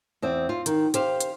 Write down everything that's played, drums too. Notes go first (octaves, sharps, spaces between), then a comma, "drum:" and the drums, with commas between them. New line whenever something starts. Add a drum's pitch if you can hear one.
E2 C4
F4
D#3, drum: hi-hat
G4 C5 F5, drum: hi-hat
drum: hi-hat